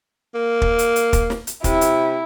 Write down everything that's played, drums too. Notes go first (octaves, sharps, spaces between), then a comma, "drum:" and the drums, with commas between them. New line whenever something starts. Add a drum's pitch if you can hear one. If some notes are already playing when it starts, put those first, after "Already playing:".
A#3
drum: kick
drum: hi-hat
drum: hi-hat
drum: kick, hi-hat
drum: snare
drum: hi-hat
C3 E4, drum: kick, hi-hat
drum: hi-hat